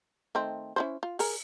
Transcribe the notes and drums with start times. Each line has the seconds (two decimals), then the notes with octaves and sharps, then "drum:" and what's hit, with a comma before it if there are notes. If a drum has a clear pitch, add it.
0.35 D#3 A3 C4
0.76 C#4 E4 C5
1.03 F4
1.19 G#4 A#4, drum: open hi-hat